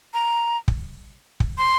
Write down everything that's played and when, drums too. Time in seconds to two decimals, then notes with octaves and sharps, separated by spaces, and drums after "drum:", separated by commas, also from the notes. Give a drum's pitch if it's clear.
0.14 A#5
0.68 drum: kick
1.40 drum: kick
1.58 C6